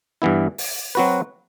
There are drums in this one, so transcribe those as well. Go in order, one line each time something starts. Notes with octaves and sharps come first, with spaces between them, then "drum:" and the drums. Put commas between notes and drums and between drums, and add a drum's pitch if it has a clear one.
G2 E3 B3 E4
drum: open hi-hat
F#3 C4 F#4 B4